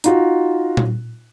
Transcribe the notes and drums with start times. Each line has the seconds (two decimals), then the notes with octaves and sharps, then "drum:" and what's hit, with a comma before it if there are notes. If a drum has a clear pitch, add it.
0.04 D#4 F4 F#4, drum: hi-hat
0.77 drum: tom A#2